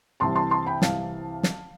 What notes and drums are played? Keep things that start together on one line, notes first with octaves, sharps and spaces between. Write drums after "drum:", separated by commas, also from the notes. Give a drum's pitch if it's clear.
C2 C3 E3 A5 C6
A5 C6
A5 C6
G5 B5
C2 C3 E3 F5 A5, drum: snare
drum: snare